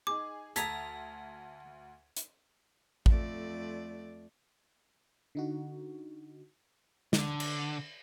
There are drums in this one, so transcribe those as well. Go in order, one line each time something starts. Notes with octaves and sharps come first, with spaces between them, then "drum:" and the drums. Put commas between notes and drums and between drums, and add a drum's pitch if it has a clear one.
D#4 G#4 D6
D2 A4 A#5 D#6 G#6 B6, drum: hi-hat
drum: hi-hat
F2 A3 D5, drum: kick A1
D3 D#4 F#4
D3, drum: snare
drum: cymbal